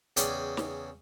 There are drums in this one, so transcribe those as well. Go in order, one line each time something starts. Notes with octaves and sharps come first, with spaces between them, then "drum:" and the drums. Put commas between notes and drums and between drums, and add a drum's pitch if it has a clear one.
E2 C#3 D5 G5 G#5, drum: hi-hat
drum: snare